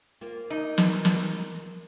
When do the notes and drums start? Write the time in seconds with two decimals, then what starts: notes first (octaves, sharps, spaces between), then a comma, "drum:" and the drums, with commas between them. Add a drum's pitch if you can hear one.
0.21 A#3 F4 C5
0.50 D#4
0.78 drum: snare
1.05 drum: snare